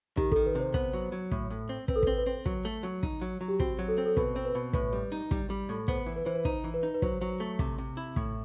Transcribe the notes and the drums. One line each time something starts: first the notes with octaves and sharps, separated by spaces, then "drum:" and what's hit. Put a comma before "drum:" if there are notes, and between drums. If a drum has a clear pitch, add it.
D#3 G4, drum: kick
A4, drum: kick
D#3
B4
C3 C5
B3 C5, drum: kick
F#3
F#3
A2, drum: kick
A2
C4
C4 B4, drum: kick
A4
B4, drum: kick
C4
B4
C4
F#3, drum: kick
A3
F#3
D#4, drum: kick
F#3
F#3
G4
C4 F#4, drum: kick
F#3
A4
C4
A4
B2 B4, drum: kick
C4 C5
B4
B2
A2 B4, drum: kick
G3
D#4
G3, drum: kick
G3
A2
B3 C5, drum: kick
E3
B4
E3 C5
B4
D#4 C5, drum: kick
E3
B4
D#4
B4
F#3 C5, drum: kick
F#3
A3
C3, drum: kick
C3
E4
A2, drum: kick